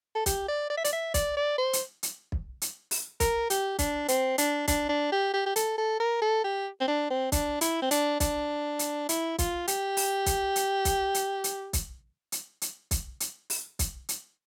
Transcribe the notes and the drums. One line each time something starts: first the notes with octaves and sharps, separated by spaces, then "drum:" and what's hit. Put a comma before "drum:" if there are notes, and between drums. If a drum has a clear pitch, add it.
A4
G4, drum: kick, hi-hat
D5
D5
E5
D5, drum: hi-hat
E5
D5, drum: kick, hi-hat
D5
C5
drum: hi-hat
drum: hi-hat
drum: kick
drum: hi-hat
drum: open hi-hat
A#4, drum: kick, hi-hat
G4, drum: hi-hat
D4, drum: kick, hi-hat
C4, drum: hi-hat
D4, drum: hi-hat
D4, drum: kick, hi-hat
D4
G4
G4
G4
A4, drum: hi-hat
A4
A#4
A4
G4
C4
D4
C4
D4, drum: kick, hi-hat
E4, drum: hi-hat
C4
D4, drum: hi-hat
D4, drum: kick, hi-hat
drum: hi-hat
E4, drum: hi-hat
F4, drum: kick, hi-hat
G4, drum: hi-hat
drum: open hi-hat
drum: kick, hi-hat
drum: hi-hat
drum: kick, hi-hat
drum: hi-hat
drum: hi-hat
drum: kick, hi-hat
drum: hi-hat
drum: hi-hat
drum: kick, hi-hat
drum: hi-hat
drum: open hi-hat
drum: kick, hi-hat
drum: hi-hat